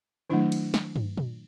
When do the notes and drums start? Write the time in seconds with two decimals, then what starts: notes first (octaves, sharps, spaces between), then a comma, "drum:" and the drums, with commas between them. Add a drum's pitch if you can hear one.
0.30 D#3 F#3 A3 D4 E4
0.52 drum: cymbal
0.74 drum: snare
0.96 drum: tom
1.17 drum: tom A#2